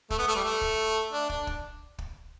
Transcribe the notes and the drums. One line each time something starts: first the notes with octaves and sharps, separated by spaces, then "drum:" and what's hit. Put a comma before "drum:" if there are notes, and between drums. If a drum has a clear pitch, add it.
A3, drum: kick
B3
A3
G3
A3
drum: kick
D4
D4, drum: kick
drum: kick
drum: kick